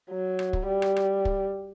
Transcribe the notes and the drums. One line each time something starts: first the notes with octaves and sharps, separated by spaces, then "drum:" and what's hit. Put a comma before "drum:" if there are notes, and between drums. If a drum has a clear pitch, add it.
F#3
drum: rim click
drum: kick
G3
drum: rim click
drum: rim click
drum: kick